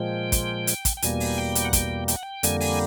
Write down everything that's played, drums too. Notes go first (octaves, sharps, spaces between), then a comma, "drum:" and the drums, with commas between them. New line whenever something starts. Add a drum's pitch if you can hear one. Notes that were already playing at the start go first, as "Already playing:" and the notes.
Already playing: A#2 F3 G#3 G5
drum: kick, hi-hat
drum: hi-hat
drum: kick, hi-hat
G5
E2 B2 G3 A#3 G#5, drum: hi-hat
drum: open hi-hat
G5
drum: hi-hat
F#5
G5, drum: kick, hi-hat
G5, drum: hi-hat
F#5
G5
F2 D3 G3 A#3 G#5, drum: hi-hat
G#5, drum: open hi-hat